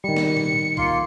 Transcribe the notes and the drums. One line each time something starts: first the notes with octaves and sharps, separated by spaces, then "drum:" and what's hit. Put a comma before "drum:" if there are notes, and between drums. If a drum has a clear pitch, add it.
D#3 G3 C#7
drum: snare
drum: tom A#2
A#3 F4 C6, drum: kick A#1